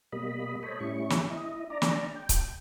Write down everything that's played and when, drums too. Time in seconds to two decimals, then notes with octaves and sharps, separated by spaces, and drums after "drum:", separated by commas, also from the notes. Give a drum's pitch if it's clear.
0.12 B2 G3 A#3 D#5 B5
0.63 A4 C5 C#5 D#5 B5
0.80 A2 G3 C#4 E4 C#6
1.10 drum: snare
1.30 E4 D#5
1.70 D4 D5 A#5
1.82 drum: snare
2.15 G5
2.29 drum: kick C#1, hi-hat